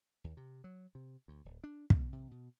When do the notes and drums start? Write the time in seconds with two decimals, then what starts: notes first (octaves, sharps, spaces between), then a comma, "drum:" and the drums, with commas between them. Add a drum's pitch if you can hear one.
0.24 D#2
0.37 C3
0.64 F#3
0.95 C3
1.28 D2
1.45 D1
1.64 D4
1.90 B2, drum: kick
2.13 C3
2.31 B2